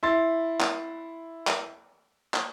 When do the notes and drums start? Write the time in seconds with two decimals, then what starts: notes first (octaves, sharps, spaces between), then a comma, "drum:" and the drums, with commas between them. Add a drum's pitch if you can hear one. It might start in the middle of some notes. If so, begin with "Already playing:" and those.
0.03 E4 C6 A6
0.60 drum: clap
1.47 drum: clap
2.34 drum: clap